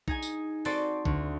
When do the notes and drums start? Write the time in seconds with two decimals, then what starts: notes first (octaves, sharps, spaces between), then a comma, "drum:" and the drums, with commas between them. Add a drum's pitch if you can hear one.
0.08 D#4 G#4 G#5, drum: kick A#1
0.22 drum: tambourine
0.65 C4 F#4 A4 C5 D5, drum: open hi-hat
1.05 D2, drum: kick A#1